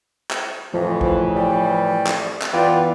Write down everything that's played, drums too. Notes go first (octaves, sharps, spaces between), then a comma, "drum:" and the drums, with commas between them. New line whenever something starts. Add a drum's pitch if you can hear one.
drum: clap
F2 A2 C#3 E3 F3
drum: kick
G3
drum: clap
drum: clap
E3 B3 F4 B4 D5 G5